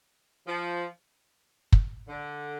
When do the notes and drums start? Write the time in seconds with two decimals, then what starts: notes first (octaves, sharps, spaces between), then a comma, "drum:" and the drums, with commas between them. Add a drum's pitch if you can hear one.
0.47 F3
1.72 drum: kick
2.08 D3